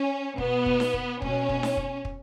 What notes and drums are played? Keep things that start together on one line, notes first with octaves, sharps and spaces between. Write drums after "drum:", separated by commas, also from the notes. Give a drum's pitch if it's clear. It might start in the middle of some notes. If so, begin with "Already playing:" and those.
Already playing: C#4
B2 B3, drum: kick
drum: kick
drum: snare D#4
drum: kick
B2 C#4, drum: kick
drum: kick
drum: snare D#4
drum: kick
drum: kick